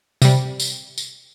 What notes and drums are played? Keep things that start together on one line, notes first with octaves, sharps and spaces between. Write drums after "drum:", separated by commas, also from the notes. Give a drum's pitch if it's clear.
C3 G3, drum: tambourine
drum: tambourine
drum: tambourine